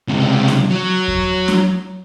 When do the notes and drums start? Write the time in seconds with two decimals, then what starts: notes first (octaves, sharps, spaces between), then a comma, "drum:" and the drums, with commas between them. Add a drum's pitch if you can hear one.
0.08 C#2 C3
0.48 drum: snare
0.71 F#3
1.08 drum: kick E2
1.48 drum: snare